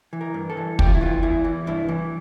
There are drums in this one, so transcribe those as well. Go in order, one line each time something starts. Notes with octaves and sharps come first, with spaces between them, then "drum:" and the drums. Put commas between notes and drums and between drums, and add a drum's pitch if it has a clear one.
E3
A#4
G2
A4
E3
E2 G4, drum: kick
F4
E4
E3 F4
E2 E4
E3
G2 E4
E3